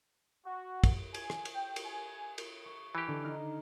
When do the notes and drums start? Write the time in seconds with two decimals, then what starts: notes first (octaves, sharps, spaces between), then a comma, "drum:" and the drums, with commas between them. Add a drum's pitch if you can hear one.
0.47 F#4
0.84 drum: kick, cymbal
1.14 G#5, drum: cymbal
1.30 drum: rim click
1.45 drum: cymbal
1.55 G5
1.76 drum: cymbal
1.86 G#5
2.38 drum: cymbal
2.65 C#6
2.95 E3 G4
3.08 D3 D4
3.23 D#4 F6 A#6